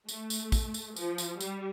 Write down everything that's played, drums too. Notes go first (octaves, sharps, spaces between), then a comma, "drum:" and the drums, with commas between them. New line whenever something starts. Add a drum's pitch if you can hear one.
A3, drum: tambourine
drum: tambourine
drum: kick, tambourine
drum: tambourine
F3, drum: tambourine
drum: tambourine
G3, drum: tambourine